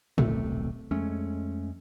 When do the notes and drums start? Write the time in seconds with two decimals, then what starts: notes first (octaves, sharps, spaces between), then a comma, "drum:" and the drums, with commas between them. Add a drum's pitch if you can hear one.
0.18 D#1 B1 C3 A3, drum: tom A2
0.91 F2 G#3 A3 C#4